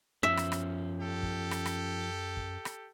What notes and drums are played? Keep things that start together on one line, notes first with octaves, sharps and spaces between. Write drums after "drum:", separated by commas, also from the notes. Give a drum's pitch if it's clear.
F#2 F3 C#4 E5
drum: rim click
drum: rim click
G4 A4
drum: kick
drum: rim click
drum: rim click
drum: kick
drum: rim click